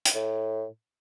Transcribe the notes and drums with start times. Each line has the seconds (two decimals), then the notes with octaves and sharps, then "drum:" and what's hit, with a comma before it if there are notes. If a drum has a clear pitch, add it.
0.05 drum: hi-hat
0.14 A2